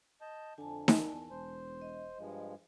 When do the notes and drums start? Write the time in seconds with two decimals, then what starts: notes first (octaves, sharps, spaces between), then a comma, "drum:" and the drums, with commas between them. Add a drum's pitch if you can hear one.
0.21 D#5 A5 G6
0.58 F2 D3 G#5 A5
0.88 drum: snare D#4
1.12 E2
1.31 E1 C5
1.81 D#5
2.18 G2 F3 G#3